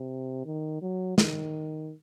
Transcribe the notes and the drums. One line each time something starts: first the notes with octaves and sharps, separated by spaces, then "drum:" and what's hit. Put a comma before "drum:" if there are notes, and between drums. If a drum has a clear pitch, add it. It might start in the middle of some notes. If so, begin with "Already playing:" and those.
Already playing: C3
D#3
F#3
D#3, drum: snare